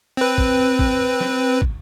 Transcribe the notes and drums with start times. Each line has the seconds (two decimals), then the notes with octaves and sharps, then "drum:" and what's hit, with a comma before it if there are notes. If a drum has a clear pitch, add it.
0.17 C4 B4
0.38 drum: kick
0.79 drum: kick
1.21 drum: snare
1.62 drum: kick